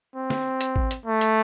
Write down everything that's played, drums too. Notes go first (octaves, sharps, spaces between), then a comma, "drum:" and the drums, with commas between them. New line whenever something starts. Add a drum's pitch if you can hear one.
C4
drum: snare
drum: hi-hat
drum: kick A1
drum: hi-hat
A3
drum: hi-hat